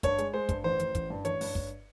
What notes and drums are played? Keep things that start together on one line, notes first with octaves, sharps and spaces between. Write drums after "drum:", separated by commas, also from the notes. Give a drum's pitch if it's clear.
G2 C#5, drum: kick, hi-hat
G#3, drum: hi-hat
G#3 C5
G2, drum: kick, hi-hat
A1 C5
A1, drum: hi-hat
A1, drum: kick, hi-hat
G2
A1 C#5, drum: hi-hat
G2, drum: open hi-hat
G2, drum: kick